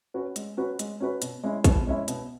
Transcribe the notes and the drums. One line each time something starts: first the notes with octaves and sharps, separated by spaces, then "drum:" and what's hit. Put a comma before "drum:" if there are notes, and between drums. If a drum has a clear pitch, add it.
C#4 F#4 B4
G#3, drum: hi-hat
C#4 F#4 B4
G#3, drum: hi-hat
C#4 F#4 B4
B2, drum: hi-hat
G#3 C#4 E4
B2, drum: kick A#1, hi-hat
G#3 C#4 E4
B2, drum: hi-hat